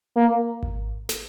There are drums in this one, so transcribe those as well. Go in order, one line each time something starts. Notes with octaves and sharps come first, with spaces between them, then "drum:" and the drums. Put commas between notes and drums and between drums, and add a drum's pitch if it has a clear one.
A#3
drum: kick G#1
drum: snare